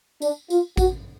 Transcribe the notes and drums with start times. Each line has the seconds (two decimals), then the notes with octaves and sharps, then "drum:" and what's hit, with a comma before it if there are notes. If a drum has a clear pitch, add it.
0.22 D4, drum: tambourine
0.50 F4, drum: tambourine
0.77 F#4, drum: kick A1, tambourine